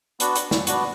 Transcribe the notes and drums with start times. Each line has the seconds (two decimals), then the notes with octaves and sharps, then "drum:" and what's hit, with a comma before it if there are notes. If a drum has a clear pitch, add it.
0.20 B3 D4 F#4, drum: hi-hat
0.35 drum: hi-hat
0.51 drum: snare
0.67 B3 D4 F#4, drum: hi-hat